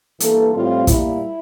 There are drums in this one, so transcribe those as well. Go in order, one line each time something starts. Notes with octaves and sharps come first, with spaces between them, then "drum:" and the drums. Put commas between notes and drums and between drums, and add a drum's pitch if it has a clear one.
G2 E3 A#3 A4, drum: hi-hat
A2 G3 C4 F4
A#2 G3 A#3 E4, drum: kick, hi-hat